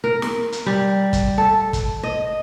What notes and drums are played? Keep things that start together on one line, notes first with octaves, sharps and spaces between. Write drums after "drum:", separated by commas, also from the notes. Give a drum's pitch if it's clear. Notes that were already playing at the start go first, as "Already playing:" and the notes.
A#4
drum: snare
drum: hi-hat
G3
drum: kick, hi-hat
A4
drum: kick, hi-hat
D#5